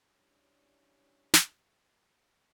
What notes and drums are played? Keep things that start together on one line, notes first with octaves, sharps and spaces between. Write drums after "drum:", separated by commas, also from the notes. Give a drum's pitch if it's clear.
G3 C#4 D4 E4
drum: snare